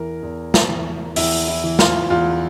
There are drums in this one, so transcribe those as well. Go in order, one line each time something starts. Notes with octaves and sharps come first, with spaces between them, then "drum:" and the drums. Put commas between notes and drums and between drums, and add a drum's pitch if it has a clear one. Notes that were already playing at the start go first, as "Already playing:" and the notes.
Already playing: E2 E3 A#4
E2
drum: snare
E3
E2 E4, drum: open hi-hat
E4
E3
F4, drum: snare
E2 F4